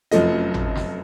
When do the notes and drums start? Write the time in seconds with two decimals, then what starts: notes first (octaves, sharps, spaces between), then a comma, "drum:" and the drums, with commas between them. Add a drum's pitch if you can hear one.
0.11 F1 F#2 F3 A3 D#5, drum: hi-hat
0.54 drum: tom G#1
0.75 drum: snare